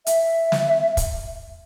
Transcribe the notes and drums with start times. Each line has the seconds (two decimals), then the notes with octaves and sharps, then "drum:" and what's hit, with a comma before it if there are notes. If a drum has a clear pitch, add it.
0.07 E5, drum: hi-hat
0.52 drum: snare
0.97 drum: kick, hi-hat